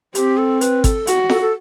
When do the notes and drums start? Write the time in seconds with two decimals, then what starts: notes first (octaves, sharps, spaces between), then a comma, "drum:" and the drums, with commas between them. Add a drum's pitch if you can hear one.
0.15 C4 G4, drum: hi-hat
0.38 A4
0.61 B4, drum: hi-hat
0.84 A4, drum: kick G#1, hi-hat
1.07 F#4, drum: hi-hat
1.29 A4, drum: snare F4
1.41 A4